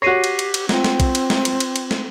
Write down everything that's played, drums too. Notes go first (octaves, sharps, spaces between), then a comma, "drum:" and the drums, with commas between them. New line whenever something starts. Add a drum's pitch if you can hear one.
F#4 G4 C#5 A#6 C7 D#7
drum: cymbal
drum: cymbal
drum: cymbal
C4 F4 G5, drum: snare
drum: snare
drum: kick, cymbal
drum: cymbal
drum: snare
drum: cymbal
drum: cymbal
drum: cymbal
drum: snare